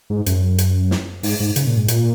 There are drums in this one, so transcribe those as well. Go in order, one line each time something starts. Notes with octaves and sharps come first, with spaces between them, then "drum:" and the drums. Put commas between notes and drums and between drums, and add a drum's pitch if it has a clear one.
G#2
F#2, drum: hi-hat
drum: hi-hat
drum: snare
G#2, drum: open hi-hat
G#2
C#3, drum: hi-hat
A#2
G#2
A#2, drum: hi-hat